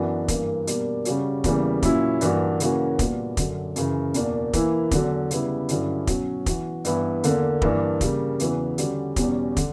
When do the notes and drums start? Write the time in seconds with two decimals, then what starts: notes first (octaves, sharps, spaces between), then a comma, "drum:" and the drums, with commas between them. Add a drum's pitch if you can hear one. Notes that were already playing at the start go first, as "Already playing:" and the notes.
Already playing: F#2 E3 B3 D4 F#4
0.28 G2 E3 A#3, drum: kick, hi-hat
0.67 B2 G3 A#3 D4, drum: hi-hat
1.05 C#3 G3 C#4 F#4, drum: hi-hat
1.44 E2 C#3 E3 G3 A#3, drum: kick, hi-hat
1.83 A#2 F#3 C#4 E4, drum: kick, hi-hat
2.21 G2 E3 A#3 D4 F#4, drum: hi-hat
2.60 C#3 E3 A#3 C#4 F#4, drum: hi-hat
2.99 A#2 G3 B3 D4 F#4, drum: kick, hi-hat
3.37 F#2 D3 F#3, drum: kick, hi-hat
3.76 F#2 C#3 E3, drum: hi-hat
4.14 E2 B2 A#3 D4, drum: hi-hat
4.53 E3 A#3 E4, drum: kick, hi-hat
4.91 E2 D3 F#3, drum: kick, hi-hat
5.31 C#3 G3 B3 E4, drum: hi-hat
5.69 G2 D3 F#3 C#4 E4, drum: hi-hat
6.07 B2 F#3 C#4, drum: kick, hi-hat
6.46 E3 B3 F#4, drum: kick, hi-hat
6.85 G2 E3 B3 E4, drum: hi-hat
7.24 E2 D3 A#3, drum: hi-hat
7.62 G2 E3 A#3 D4, drum: kick
8.01 C#3 G3 A#3, drum: kick, hi-hat
8.40 E2 C#3 E3 B3 F#4, drum: hi-hat
8.78 D3 G3 C#4 F#4, drum: hi-hat
9.16 E2 B2 G3 C#4, drum: kick, hi-hat
9.57 D3, drum: kick, hi-hat